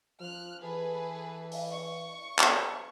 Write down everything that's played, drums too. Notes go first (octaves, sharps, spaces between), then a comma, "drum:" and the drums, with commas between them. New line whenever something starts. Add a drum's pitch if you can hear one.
F3 F6 F#6
E3 G#4 A4 B4
drum: open hi-hat
C#6
drum: clap